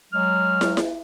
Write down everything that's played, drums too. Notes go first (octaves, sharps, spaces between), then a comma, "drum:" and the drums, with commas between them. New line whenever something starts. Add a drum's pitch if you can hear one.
F#3 G#3 F6
drum: snare
drum: snare